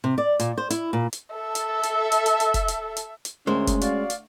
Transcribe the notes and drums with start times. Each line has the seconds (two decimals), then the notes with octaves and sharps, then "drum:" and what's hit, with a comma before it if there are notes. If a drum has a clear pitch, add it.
0.04 C3
0.18 D5
0.39 A#2, drum: hi-hat
0.58 C5
0.70 E4, drum: hi-hat
0.93 A#2
1.13 drum: hi-hat
1.33 A4 E5
1.55 drum: hi-hat
1.83 drum: hi-hat
2.12 drum: hi-hat
2.26 drum: hi-hat
2.40 drum: hi-hat
2.54 drum: kick, hi-hat
2.68 drum: hi-hat
2.97 drum: hi-hat
3.25 drum: hi-hat
3.47 D2 G#3 C#4 A#4 C5
3.67 drum: kick, hi-hat
3.81 F#4 D5 F5, drum: hi-hat
4.10 drum: hi-hat